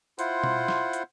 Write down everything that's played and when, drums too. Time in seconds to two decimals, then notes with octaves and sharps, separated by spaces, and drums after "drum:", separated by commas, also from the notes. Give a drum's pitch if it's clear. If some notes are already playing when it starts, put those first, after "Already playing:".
0.19 E4 F4 C5 F#5, drum: hi-hat
0.44 drum: tom B2
0.68 drum: snare
0.93 drum: hi-hat